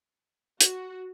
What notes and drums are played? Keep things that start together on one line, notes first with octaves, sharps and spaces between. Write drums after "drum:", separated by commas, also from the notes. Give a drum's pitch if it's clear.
F#4, drum: hi-hat